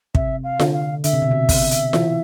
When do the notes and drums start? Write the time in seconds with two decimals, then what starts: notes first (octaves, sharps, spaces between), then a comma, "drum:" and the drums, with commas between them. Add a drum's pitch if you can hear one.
0.15 C3 E5, drum: kick
0.44 F5
0.60 D3, drum: snare F4
0.74 F5
1.04 D3 E5, drum: hi-hat
1.13 C3
1.22 B2
1.31 C3
1.49 drum: kick, open hi-hat
1.71 drum: hi-hat
1.93 E3, drum: snare F4